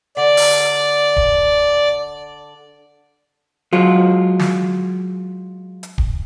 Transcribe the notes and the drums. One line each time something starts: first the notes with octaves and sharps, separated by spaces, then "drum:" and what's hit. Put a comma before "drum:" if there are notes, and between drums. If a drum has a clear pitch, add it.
D3 D5
drum: open hi-hat
drum: kick
F#3 G#3 F4
drum: snare
drum: hi-hat
drum: kick